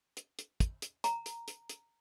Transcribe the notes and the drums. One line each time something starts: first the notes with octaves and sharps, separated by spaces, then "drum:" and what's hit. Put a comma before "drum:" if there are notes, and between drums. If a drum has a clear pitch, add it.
drum: hi-hat
drum: hi-hat
drum: kick, hi-hat
drum: hi-hat
A#5, drum: hi-hat
drum: hi-hat
drum: hi-hat
drum: hi-hat